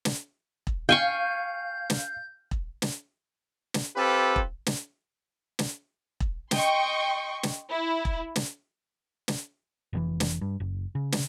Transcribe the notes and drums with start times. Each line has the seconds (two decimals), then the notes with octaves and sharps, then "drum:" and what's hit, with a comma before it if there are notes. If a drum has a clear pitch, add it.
0.05 drum: snare
0.67 drum: kick E1
0.89 F5 G5 G#5 C#6 G6
1.90 drum: snare
2.51 drum: kick E1
2.82 drum: snare
3.74 drum: snare
3.96 C4 F4 G4 A4 B4
4.36 drum: kick E1
4.67 drum: snare
5.59 drum: snare
6.20 drum: kick E1
6.51 D#5 G5 C6 C#6, drum: snare
7.43 drum: snare
7.70 E4
8.05 drum: kick E1
8.36 drum: snare
9.28 drum: snare
9.93 F1 A2 E3
10.20 drum: snare
10.41 G2
10.60 F#1
10.95 C#3
11.13 drum: snare